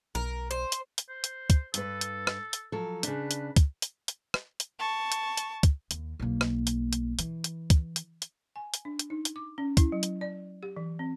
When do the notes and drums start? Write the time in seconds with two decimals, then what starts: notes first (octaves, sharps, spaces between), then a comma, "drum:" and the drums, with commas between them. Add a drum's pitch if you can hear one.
0.15 B1 A#4
0.51 C5
0.72 drum: hi-hat
0.98 drum: hi-hat
1.09 C5
1.24 drum: hi-hat
1.50 drum: kick, hi-hat
1.74 G2 A4 B4, drum: hi-hat
2.01 drum: hi-hat
2.27 drum: rim click
2.53 drum: hi-hat
2.72 F3 F#3 A4
3.03 C#3 D4 B4, drum: hi-hat
3.31 drum: hi-hat
3.56 drum: kick, hi-hat
3.82 drum: hi-hat
4.08 drum: hi-hat
4.34 drum: rim click
4.60 drum: hi-hat
4.79 A5 C#6
5.12 drum: hi-hat
5.37 drum: hi-hat
5.63 drum: kick, hi-hat
5.91 D#2, drum: hi-hat
6.19 B1 A#3
6.41 drum: rim click
6.67 drum: hi-hat
6.93 drum: hi-hat
7.19 E3, drum: hi-hat
7.44 drum: hi-hat
7.70 drum: kick, hi-hat
7.96 drum: hi-hat
8.22 drum: hi-hat
8.56 G#5
8.74 drum: hi-hat
8.85 D4
8.99 drum: hi-hat
9.10 D#4
9.25 drum: hi-hat
9.36 D6
9.58 C#4
9.77 E4, drum: kick, hi-hat
9.92 F#3
10.03 drum: hi-hat
10.21 D5
10.63 G4
10.76 E3
10.99 C4